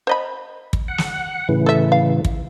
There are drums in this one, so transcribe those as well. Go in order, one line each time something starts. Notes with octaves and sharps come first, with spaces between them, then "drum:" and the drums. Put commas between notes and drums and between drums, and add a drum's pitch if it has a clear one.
C5 D#5 B5
drum: kick
F#5
drum: snare
A2 C#3 E3
A4 E5
F5
drum: kick